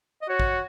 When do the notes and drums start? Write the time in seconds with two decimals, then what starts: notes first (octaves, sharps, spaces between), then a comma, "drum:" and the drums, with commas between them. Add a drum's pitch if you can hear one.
0.22 D#5
0.29 F#4 C#5
0.40 drum: kick